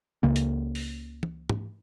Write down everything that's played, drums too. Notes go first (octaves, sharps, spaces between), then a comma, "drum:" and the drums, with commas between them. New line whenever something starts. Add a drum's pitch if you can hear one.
C#2 C#3 A#3
drum: hi-hat
drum: open hi-hat
drum: tom
drum: tom G#2